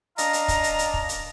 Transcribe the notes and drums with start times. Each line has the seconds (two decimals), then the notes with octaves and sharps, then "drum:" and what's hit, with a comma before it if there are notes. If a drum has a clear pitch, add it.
0.18 D4 D#5 F5 A5 A#5, drum: hi-hat
0.33 drum: hi-hat
0.48 drum: kick, hi-hat
0.63 drum: hi-hat
0.79 drum: hi-hat
0.94 drum: kick
1.09 drum: hi-hat